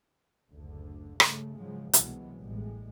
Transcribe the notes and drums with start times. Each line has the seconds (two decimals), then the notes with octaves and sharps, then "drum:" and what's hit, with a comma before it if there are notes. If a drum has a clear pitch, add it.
0.52 F#1 D2 D3
1.20 G2 C#3 A3, drum: rim click
1.57 G#2 C#3 F3 F#3 G#3
1.93 C2 B2 E3 F#3 G#3 B3, drum: hi-hat
2.39 A1 A2 G3 G#3